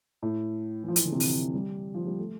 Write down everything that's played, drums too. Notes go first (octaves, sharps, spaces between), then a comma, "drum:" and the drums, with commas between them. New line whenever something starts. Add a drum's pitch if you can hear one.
A2
E3
F3
E3, drum: hi-hat
D3
C3
E3, drum: open hi-hat
G3
F3
G3
A3